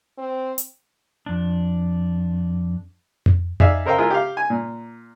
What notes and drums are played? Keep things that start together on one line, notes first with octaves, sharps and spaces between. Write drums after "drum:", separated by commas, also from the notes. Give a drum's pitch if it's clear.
C4
drum: hi-hat
F2 D4
drum: tom F2
D#4 G#4 D5 E5 F5, drum: tom F2
A4 A#4 C5 D#5 F5 G5
G#3 E4 F4 G#4 A#4
G4 F5
G#5
A#2